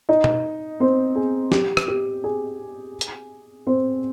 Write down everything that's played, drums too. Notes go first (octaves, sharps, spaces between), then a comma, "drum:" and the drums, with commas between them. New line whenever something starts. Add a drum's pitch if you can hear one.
D#4 D#5
drum: tom B2
C4 C5
G#4
G4, drum: snare
drum: rim click
G4
G#4
drum: hi-hat
C4 C5